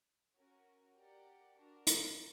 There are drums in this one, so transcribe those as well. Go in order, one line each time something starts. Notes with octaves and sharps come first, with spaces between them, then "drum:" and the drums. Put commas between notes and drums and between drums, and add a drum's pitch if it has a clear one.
C#4 F#4 A#4
G4 A#4 D5 F#5
D4 F#4 A#4
drum: hi-hat